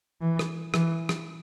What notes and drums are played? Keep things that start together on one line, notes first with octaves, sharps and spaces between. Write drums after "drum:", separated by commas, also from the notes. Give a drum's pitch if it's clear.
E3
drum: rim click
E3, drum: rim click
drum: rim click